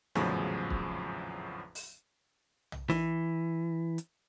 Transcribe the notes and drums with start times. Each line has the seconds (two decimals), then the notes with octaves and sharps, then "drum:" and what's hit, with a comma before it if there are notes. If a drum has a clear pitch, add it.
0.15 G#1 E2 A2 C#3 F3 F#3, drum: snare
0.70 drum: kick
1.75 drum: open hi-hat
2.72 drum: tom
2.90 E3, drum: snare
3.98 drum: hi-hat